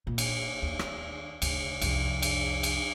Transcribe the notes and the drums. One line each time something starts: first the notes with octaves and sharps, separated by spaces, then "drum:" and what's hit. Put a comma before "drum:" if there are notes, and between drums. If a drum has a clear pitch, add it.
A#2
drum: cymbal
D#2
drum: rim click
D2 C#3, drum: cymbal
C2 F2, drum: cymbal
drum: cymbal
drum: cymbal